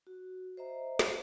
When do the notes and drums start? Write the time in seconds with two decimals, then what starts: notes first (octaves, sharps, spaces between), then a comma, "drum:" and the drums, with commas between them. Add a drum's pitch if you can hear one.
0.07 F#4
0.57 C5 D#5 E5 A#5
0.99 drum: snare